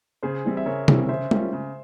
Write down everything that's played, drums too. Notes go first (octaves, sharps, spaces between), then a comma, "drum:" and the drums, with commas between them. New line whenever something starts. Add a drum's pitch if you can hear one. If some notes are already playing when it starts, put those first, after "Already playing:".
C#3 G#4 C5
E3 G3 C4 E4
E5
C#3 A#4 C#5
E3 G3 C4 E4, drum: tom C3
C#3 C5 E5
G3 A#3 C#4 F4, drum: tom G#3
C#3